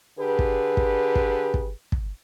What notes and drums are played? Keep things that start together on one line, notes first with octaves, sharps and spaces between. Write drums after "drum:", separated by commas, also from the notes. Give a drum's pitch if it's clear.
D3 G4 G#4 B4
drum: kick
drum: kick
drum: kick
drum: kick
drum: kick